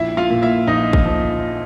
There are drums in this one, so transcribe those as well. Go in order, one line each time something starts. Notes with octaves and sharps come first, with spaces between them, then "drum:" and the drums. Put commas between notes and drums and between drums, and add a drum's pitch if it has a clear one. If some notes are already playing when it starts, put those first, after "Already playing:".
Already playing: A#1 E4 E5
F4 F5
A#2
E4 E5
A#1 D#4 D#5
drum: kick
F3